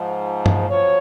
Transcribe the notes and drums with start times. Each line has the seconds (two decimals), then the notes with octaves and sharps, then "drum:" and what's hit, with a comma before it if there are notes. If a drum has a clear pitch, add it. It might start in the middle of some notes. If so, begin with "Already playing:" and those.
Already playing: G#2 F3
0.46 drum: tom G2
0.69 F#2 F3 C#5